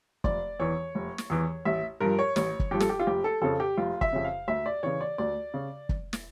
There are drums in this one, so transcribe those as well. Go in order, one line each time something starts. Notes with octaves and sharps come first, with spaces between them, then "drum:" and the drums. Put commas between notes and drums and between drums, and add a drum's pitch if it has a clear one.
F1 D5, drum: kick
E2 E3 C#5
F1
drum: snare
E2 E3
A1 E5
G2 F3 A#4
C#5
A1 C#5, drum: snare
drum: kick
G2 F3 G4
A4, drum: snare
G4
F4
F1 G4
A4
F2 C#3 A4
G4
F1 F4
E5, drum: kick
F2 C#3
F5
D2 E5
D5
C#3 E3 C#5
D5
D2 D5
C#3
drum: kick
drum: snare